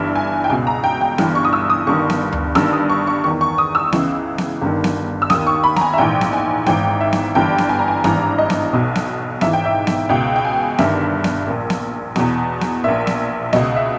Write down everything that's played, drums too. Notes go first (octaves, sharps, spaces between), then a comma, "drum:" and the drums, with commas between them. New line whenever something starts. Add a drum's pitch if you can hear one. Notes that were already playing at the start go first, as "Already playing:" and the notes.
Already playing: G1 G2 E3 E5
G#5
G5
C#2 B2 G#5
A#5
G5
G5
G1 G2 E3, drum: snare B3
C#6
D#6
E6
D#6
G1 G2 D#3 C#6
drum: snare B3
drum: tom D2
G1 G2 D#3 E6, drum: snare B3
D#6
C#6
C#6
E2 D#3 C#6
C#6
D#6
E6
C#2 C#3 E3, drum: snare B3
drum: snare B3
G1 G2 D#3
drum: snare B3
E6
D#2 D#3 D#6, drum: snare B3
C#6
B5
A#5, drum: snare B3
G#5
E5
A#1 G#2 E3 G5
drum: snare B3
G#5
G#1 G#2 E3 G5, drum: snare B3
E5
drum: snare B3
G1 G2 E3 G5
drum: snare B3
G#5
A#5
G#5
G#1 G2 E3 A#5, drum: snare B3
D#5
drum: snare B3
B1 B2
drum: snare B3
G#1 G#2 E3 E5, drum: snare B3
G5
E5
drum: snare B3
C#2 B2 G5
G5
G#5
G1 G2 D#3 E5, drum: snare B3
drum: snare B3
A#1 A#2
drum: snare B3
E2 B2, drum: snare B3
drum: snare B3
A#1 A#2 E5
drum: snare B3
C#2 B2 D#5, drum: snare B3
E5